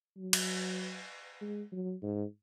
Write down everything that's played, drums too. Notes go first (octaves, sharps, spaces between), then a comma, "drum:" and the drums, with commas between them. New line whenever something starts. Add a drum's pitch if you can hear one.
F#3
drum: cymbal
G#3
F#3
G#2